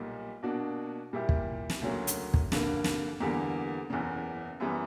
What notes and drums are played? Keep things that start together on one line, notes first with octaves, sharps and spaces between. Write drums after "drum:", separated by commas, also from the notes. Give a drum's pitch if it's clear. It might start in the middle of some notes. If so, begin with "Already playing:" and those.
Already playing: B1 A#2 G3
B2 A#3 D4 F#4
A#2 G3 A#3 E4 G4
drum: kick
drum: snare
D2 C#3 F#3 A#3
drum: hi-hat
drum: kick
G2 D3 A#3, drum: snare
drum: snare
E2 D3 G3 A#3
F#1 E2 C#3
F#2 E3 G3 B3